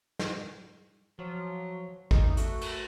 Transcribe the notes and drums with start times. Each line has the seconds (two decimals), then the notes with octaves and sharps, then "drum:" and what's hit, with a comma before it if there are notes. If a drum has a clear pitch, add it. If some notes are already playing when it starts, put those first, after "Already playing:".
0.19 drum: snare
1.19 F3 F#3
2.11 E2 D#4, drum: kick G#1
2.37 A3 F#4, drum: hi-hat
2.61 drum: cymbal